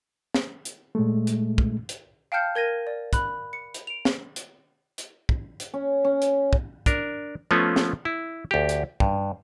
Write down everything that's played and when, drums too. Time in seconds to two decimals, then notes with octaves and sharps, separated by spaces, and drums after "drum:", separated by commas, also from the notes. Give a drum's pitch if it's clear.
0.34 drum: snare
0.65 drum: hi-hat
0.95 A#2 G#3 A3
1.27 drum: hi-hat
1.58 drum: kick
1.89 drum: hi-hat
2.32 F5 G5 A5 F6 G6 C#7
2.55 A#4 G#6 A#6 D#7
2.87 D5
3.13 B5 F#6, drum: kick, hi-hat
3.53 C#7
3.74 drum: hi-hat
3.87 D7 F7
4.05 drum: snare
4.36 drum: hi-hat
4.98 drum: hi-hat
5.29 drum: kick
5.60 drum: hi-hat
5.74 C#4
6.04 C#4
6.22 drum: hi-hat
6.53 drum: kick
6.86 D4 A#4, drum: kick, hi-hat
7.51 F3 A3 B3 C#4 F4
7.76 drum: snare
8.05 E4
8.51 D2 G4
8.69 drum: hi-hat
9.00 G2, drum: kick